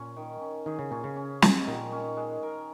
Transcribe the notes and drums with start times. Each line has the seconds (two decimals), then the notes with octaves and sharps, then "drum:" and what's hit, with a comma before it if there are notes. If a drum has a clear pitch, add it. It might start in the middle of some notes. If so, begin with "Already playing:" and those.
Already playing: A#2 C#4
0.16 D#3
0.41 C#4
0.66 D#3 G#4
0.79 C#3
0.91 A#2 C#4
1.04 C#3
1.16 C#4
1.42 G#3, drum: snare
1.67 A#2 D#3
1.92 C#4
2.17 G#3
2.43 A#4